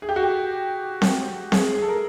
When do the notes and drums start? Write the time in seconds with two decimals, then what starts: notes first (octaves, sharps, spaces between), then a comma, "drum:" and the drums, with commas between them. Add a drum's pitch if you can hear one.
0.02 G#4
0.09 G4
0.16 F#4
0.23 G4
1.02 drum: snare C4
1.52 G#4, drum: snare C4
1.74 G#4
1.82 A4
1.88 A#4